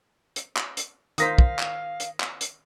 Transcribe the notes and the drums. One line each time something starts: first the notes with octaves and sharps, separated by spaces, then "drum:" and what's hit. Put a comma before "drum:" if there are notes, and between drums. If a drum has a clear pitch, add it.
drum: hi-hat
drum: clap
drum: hi-hat
D#3 A#4 C5 F5 D#6 A#6 B6, drum: hi-hat
drum: kick
drum: clap
drum: hi-hat
drum: clap
drum: hi-hat